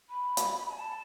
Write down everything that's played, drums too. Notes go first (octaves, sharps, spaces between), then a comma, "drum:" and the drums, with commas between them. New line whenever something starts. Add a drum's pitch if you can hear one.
B5
drum: hi-hat
G#5
A5